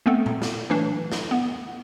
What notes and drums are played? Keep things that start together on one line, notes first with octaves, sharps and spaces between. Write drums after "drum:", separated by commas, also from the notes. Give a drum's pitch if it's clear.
A3 B3 C4 A4
drum: tom A#2
drum: snare
E3 F#3 A3 D4
drum: snare
B3